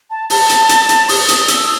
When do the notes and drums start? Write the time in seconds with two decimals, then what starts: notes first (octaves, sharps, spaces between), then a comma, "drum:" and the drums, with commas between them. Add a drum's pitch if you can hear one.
0.10 A5
0.30 A5, drum: open hi-hat
0.49 drum: hi-hat
0.69 drum: hi-hat
0.89 drum: hi-hat
1.09 D#6, drum: open hi-hat
1.28 drum: hi-hat
1.48 E6, drum: hi-hat